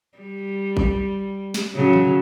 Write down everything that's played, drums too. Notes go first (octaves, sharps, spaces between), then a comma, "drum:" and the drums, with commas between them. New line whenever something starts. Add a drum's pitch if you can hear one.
G3
drum: kick G#1
drum: snare
A2 C#3 F#3
drum: tom D3